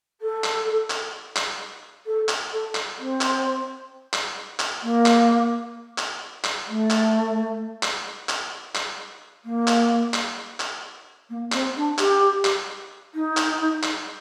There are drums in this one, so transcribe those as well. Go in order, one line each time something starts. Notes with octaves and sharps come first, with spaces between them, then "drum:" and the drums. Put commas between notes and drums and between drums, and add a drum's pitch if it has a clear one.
A4
drum: clap
drum: clap
drum: clap
A4
drum: clap
A4
drum: clap
C4
drum: clap
drum: clap
drum: clap
A#3
drum: clap
drum: clap
drum: clap
A3
drum: clap
drum: clap
drum: clap
drum: clap
A#3
drum: clap
drum: clap
drum: clap
A#3
C4, drum: clap
D4
G4, drum: clap
drum: clap
D#4
drum: clap
drum: clap